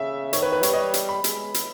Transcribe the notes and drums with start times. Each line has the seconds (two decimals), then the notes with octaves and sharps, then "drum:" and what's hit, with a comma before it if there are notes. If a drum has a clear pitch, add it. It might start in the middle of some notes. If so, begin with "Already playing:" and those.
Already playing: C#3 E5
0.33 D#3 C#5, drum: hi-hat
0.42 B4
0.53 B4
0.63 G3 C#5, drum: hi-hat
0.73 D#5
0.94 drum: hi-hat
1.09 B5
1.24 G#3, drum: hi-hat
1.54 drum: hi-hat